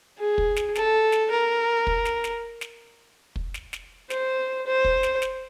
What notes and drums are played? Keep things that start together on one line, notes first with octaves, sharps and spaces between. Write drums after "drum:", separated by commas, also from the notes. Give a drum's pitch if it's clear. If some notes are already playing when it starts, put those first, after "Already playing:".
G#4
drum: kick
drum: snare
A4, drum: snare
drum: snare
A#4
drum: kick
drum: snare
drum: snare
drum: snare
drum: kick
drum: snare
drum: snare
C5, drum: snare
C5
drum: kick
drum: snare
drum: snare